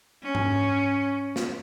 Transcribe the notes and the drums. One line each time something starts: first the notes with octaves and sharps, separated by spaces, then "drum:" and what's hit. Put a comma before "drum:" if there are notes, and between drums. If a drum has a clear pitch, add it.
C#4
drum: tom G#2
drum: snare